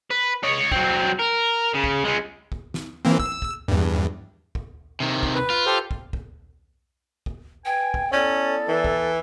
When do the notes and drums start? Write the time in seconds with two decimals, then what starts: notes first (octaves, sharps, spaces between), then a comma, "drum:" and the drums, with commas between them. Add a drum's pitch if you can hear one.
0.10 B4
0.44 C#5 D#5
0.72 F#3 C4, drum: kick
1.19 A#4
1.73 C#3
1.84 drum: kick
2.04 G#3 C#4
2.52 drum: kick
2.74 drum: snare
3.05 E3 A#3 C4
3.20 E6, drum: kick
3.42 drum: kick
3.68 E2 G2
4.55 drum: kick
5.00 C3 D#3
5.23 drum: kick
5.35 B4
5.50 F4
5.66 G4 A4 C5
5.91 drum: kick
6.13 drum: kick
7.26 drum: kick
7.65 B4 G5 G#5
7.94 drum: kick
8.13 B3 C#4 E4 A4 D5
8.68 E3
8.84 drum: kick